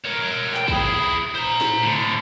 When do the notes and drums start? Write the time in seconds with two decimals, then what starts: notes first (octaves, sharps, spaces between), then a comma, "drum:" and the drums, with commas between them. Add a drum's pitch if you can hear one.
0.05 A#4 C#5
0.54 G5, drum: clap
0.68 E4 G#4, drum: kick
1.35 C5 A#5
1.61 drum: snare
1.83 A2 D3